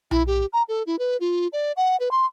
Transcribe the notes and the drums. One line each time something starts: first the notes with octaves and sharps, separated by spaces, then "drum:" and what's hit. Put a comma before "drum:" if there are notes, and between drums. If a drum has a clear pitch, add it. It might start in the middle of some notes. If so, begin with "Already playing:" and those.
E4, drum: tom B1
G4
A#5
A4
E4
B4
F4
D5
F#5
B4
C6